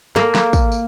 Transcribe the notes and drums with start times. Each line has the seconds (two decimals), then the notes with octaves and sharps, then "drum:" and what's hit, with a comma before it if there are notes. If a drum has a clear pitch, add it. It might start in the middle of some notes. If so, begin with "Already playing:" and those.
0.16 A#3, drum: snare
0.35 drum: snare
0.53 drum: kick, tambourine
0.72 drum: tambourine